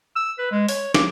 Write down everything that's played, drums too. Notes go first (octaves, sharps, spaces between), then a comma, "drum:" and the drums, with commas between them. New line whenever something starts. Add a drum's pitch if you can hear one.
E6
B4
G#3
C#5, drum: open hi-hat
D6, drum: snare